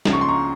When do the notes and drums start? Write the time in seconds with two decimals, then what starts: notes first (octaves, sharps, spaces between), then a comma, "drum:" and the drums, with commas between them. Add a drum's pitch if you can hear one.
0.05 C#2 C#3 F3, drum: snare
0.13 C#6
0.21 C6
0.28 A#5 C#6